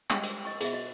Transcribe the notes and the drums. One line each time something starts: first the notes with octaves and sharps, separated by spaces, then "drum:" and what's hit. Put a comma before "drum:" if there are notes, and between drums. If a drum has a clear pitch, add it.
G3 G#3 G4, drum: clap
drum: hi-hat
D#5 C#6
B2 G#4 D#5 E5, drum: hi-hat
F#4 D#5